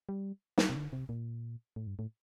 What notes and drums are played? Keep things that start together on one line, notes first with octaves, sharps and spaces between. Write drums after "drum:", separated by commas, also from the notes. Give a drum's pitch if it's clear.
G3
drum: snare
C3
D3
C3
A#2
A2
G2
A2